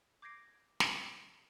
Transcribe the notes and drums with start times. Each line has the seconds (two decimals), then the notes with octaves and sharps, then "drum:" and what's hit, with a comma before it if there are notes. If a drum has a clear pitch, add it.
0.22 D6 G6 G#6 A#6 C7 D7
0.80 drum: snare